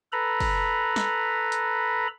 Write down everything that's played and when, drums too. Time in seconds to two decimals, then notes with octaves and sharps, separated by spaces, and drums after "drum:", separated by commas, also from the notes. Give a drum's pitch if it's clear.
0.13 A4 B4 A#5 B5
0.40 drum: kick, open hi-hat
0.96 drum: snare
1.52 drum: hi-hat